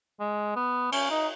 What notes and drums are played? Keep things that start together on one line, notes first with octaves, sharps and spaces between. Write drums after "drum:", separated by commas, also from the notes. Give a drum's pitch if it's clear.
G#3
B3
C#4, drum: cymbal
D#4